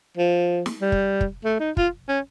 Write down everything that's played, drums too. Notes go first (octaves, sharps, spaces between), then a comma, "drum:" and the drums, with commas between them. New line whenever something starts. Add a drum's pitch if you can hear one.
F3
drum: snare
G3
drum: kick
drum: kick
A3
D#4
F4, drum: kick
C#4